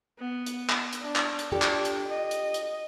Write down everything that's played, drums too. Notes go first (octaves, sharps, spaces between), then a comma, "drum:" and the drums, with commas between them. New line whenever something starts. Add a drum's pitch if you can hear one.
B3
drum: hi-hat
drum: clap
drum: hi-hat
D4
drum: clap
drum: hi-hat
D4 F4 G4 A4
drum: clap
drum: hi-hat
D#5
drum: hi-hat
drum: hi-hat